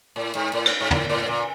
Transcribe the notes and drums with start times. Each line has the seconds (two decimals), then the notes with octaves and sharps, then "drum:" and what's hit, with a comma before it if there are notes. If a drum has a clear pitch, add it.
0.16 A2
0.35 G#2
0.53 A2
0.66 drum: cymbal
0.80 G#2
0.91 A2, drum: tom
1.09 A2
1.28 A#2